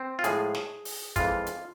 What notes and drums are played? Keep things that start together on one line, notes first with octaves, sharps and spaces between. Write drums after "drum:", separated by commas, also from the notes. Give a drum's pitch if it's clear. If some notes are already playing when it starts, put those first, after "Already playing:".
Already playing: C4
F4
A2 F3 G#3 G#4, drum: hi-hat
drum: snare
drum: open hi-hat
F2 E3 G#3 F4, drum: kick, hi-hat
drum: hi-hat